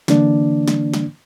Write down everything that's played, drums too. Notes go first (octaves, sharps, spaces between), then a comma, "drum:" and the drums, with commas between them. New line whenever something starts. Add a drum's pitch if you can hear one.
D3 E3 A#3 D4 D5, drum: snare
drum: snare
drum: snare